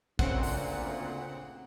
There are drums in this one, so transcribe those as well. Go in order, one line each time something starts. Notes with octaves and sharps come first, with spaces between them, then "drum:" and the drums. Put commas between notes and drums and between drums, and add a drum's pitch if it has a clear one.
D2 A#2 C#3 C4 F#5, drum: kick A1
drum: open hi-hat